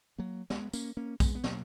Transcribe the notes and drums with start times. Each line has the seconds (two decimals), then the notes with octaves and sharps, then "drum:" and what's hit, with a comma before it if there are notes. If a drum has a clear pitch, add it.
0.18 F#3 A#3
0.50 G#3 B3, drum: snare
0.73 A#3 C#4, drum: tambourine
0.97 A#3 C#4
1.20 G#3 B3, drum: kick, tambourine
1.35 B3
1.44 B2 F#3 A#3, drum: snare